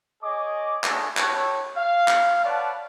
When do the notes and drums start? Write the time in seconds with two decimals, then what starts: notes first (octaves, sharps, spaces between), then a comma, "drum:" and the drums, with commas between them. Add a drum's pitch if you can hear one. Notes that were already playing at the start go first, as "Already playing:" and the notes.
0.23 G#4 C#5 D#5 D6
0.84 A3 C#4 D4 F#4 G#4 A4, drum: clap
1.17 E4 G4 A4 C#5, drum: clap
1.76 F5
2.08 drum: clap
2.44 B4 C#5 D5 F#5 A5